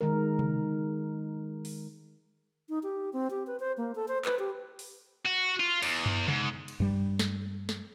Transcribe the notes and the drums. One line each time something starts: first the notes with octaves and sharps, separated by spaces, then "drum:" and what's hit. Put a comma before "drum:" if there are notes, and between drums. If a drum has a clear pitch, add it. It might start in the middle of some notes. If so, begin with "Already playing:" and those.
D#3 G#3 A#4
drum: tom C3
drum: open hi-hat
D#4
G4
C4
G4
B4
C5
A#3
A4
C5
B4, drum: clap
G4
drum: open hi-hat
F#4
F4
E2, drum: cymbal
drum: tom
G#2, drum: tom C3
drum: cymbal
G2 G3
drum: snare
drum: snare